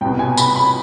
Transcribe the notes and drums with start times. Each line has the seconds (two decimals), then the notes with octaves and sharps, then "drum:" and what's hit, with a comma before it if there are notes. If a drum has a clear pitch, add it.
0.01 C2 B2 G5
0.19 G#5
0.37 B5, drum: tambourine
0.56 B5